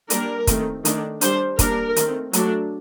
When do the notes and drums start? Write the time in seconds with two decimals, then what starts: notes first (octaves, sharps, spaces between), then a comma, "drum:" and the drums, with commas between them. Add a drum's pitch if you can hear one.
0.10 G3 A#3 D4 A#4, drum: hi-hat
0.47 D#3 A3 C4, drum: kick, hi-hat
0.85 D#3 A3 D4, drum: hi-hat
1.21 G3 D4 C5, drum: hi-hat
1.59 G3 A#3 D4 A#4, drum: kick, hi-hat
1.96 D#3 A3 C4, drum: hi-hat
2.33 F#3 A3 D4, drum: hi-hat